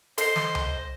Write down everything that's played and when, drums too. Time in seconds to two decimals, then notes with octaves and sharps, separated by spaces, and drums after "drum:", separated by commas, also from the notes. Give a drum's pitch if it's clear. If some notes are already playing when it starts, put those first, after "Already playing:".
0.18 A4 C5 D#5 C6 C7, drum: hi-hat
0.36 drum: snare
0.55 drum: tom C#2